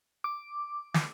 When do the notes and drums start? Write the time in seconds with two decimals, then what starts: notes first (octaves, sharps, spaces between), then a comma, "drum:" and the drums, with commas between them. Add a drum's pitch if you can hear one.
0.24 D6
0.94 drum: snare